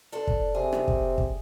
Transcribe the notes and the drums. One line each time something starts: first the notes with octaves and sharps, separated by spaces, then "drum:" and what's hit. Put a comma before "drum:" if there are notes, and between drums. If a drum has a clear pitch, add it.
D4 A4 C5
drum: kick
C3 G#4
drum: rim click
drum: kick
drum: kick